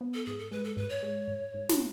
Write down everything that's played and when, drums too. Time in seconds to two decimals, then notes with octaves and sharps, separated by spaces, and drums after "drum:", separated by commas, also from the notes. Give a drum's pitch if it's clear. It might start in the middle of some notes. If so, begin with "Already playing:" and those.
0.01 B3
0.14 A4
0.26 G#2 G#4
0.39 A4
0.51 G#3 B4
0.64 A4
0.77 G#2 B4
0.89 C#5
1.02 G#3
1.28 G#2
1.54 G#2
1.69 drum: snare